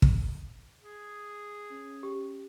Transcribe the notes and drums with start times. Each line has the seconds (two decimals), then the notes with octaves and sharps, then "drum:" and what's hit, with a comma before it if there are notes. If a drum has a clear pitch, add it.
0.02 drum: kick
0.81 G#4
1.71 C#4
2.03 G4